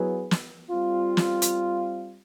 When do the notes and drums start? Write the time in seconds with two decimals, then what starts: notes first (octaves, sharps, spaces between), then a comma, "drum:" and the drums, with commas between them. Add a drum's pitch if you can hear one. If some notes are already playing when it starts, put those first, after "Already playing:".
Already playing: F#3 B3 E4 G#4 B4
0.31 drum: snare
0.70 G3 C4 F4
1.17 drum: snare
1.42 drum: hi-hat